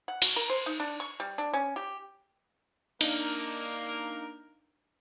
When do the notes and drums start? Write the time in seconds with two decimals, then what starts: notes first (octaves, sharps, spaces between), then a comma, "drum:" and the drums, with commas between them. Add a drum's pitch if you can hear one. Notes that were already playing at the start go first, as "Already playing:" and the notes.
0.08 F#5
0.22 F#4, drum: cymbal
0.36 A#4
0.50 C5
0.66 D#4
0.80 D4
1.00 C#6
1.20 G3
1.38 D4
1.54 C#4
1.76 G4
3.01 A#3 D4 D#4 A#4, drum: cymbal